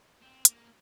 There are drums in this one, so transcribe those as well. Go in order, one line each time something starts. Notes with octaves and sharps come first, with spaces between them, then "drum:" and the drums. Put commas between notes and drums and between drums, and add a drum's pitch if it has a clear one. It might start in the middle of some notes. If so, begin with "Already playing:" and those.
C4
A#3, drum: hi-hat